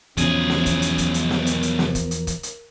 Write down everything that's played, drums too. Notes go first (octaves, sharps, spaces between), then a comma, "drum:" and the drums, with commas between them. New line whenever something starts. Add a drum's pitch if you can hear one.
B1 E2 B2 F3 C#4 G#4, drum: hi-hat
drum: snare
drum: kick, hi-hat
drum: hi-hat
drum: kick, hi-hat
drum: hi-hat
A#4, drum: snare
drum: hi-hat
drum: hi-hat
drum: snare
drum: kick, hi-hat
drum: hi-hat
drum: kick, hi-hat
drum: hi-hat